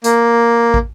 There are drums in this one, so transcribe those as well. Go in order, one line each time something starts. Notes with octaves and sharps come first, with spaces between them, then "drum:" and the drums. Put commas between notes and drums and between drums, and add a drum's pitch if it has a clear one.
A#3, drum: hi-hat
drum: kick